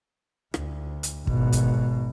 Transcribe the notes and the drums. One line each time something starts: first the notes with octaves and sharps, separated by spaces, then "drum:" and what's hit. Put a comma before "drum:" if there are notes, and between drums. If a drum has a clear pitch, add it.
D2, drum: rim click
drum: hi-hat
G#1 B2, drum: kick
drum: kick, hi-hat